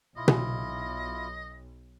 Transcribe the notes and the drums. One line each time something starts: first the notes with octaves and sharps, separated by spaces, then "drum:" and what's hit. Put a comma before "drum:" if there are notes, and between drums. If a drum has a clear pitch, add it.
B1 E4 F4 D#5
drum: tom B2